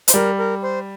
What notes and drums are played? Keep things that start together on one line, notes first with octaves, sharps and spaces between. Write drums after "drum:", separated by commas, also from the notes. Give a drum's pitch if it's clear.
C5, drum: hi-hat
G3 A#4
A#4
C5